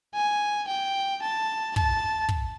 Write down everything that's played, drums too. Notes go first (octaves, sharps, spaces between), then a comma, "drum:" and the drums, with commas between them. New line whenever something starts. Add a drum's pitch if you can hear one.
G#5
G5
A5
A5, drum: kick
drum: kick